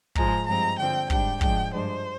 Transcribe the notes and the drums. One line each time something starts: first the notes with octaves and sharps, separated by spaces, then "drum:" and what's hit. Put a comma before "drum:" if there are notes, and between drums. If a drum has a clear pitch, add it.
G#2 F3 G#3 A#5, drum: kick
G2 F3 G#3 C4 A#5
D3 F3 C4 G5
G#2 G3 D4 G5, drum: kick
G#2 F3 G#3 D4 G5, drum: kick
G2 F3 G#3 D4 C5